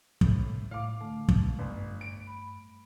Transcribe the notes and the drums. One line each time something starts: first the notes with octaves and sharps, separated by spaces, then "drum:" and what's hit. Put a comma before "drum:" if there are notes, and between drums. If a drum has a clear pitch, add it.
A2, drum: kick
A2 F5 D6
D3 A3
drum: kick
G1 G2
D7
B5